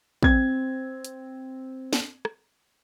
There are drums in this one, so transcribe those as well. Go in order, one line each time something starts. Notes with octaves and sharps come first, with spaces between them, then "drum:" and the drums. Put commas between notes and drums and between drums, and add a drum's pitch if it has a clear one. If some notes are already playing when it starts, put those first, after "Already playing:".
C4 G#6, drum: kick
drum: hi-hat
drum: snare
drum: rim click